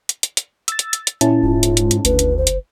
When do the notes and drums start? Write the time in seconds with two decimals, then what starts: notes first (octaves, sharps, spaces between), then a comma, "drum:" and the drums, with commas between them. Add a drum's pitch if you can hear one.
0.09 drum: hi-hat
0.23 drum: hi-hat
0.37 drum: hi-hat
0.68 E6 A6, drum: hi-hat
0.79 drum: hi-hat
0.93 drum: hi-hat
1.07 drum: hi-hat
1.21 A#2 C#4 E4 A5, drum: hi-hat
1.43 D#1 G#2 F4
1.63 drum: hi-hat
1.77 drum: hi-hat
1.91 drum: hi-hat
2.05 F#1 D2 B4, drum: hi-hat
2.19 drum: hi-hat
2.38 C5
2.47 drum: hi-hat